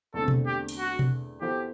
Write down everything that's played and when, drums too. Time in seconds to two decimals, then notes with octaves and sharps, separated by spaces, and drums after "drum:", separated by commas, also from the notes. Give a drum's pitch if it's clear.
0.14 E2 D3 A3 C4 A4
0.28 drum: tom B2
0.46 G4
0.68 drum: cymbal
0.78 F#4
0.99 drum: tom B2
1.41 E3 B3 F#4 G4 A4 C5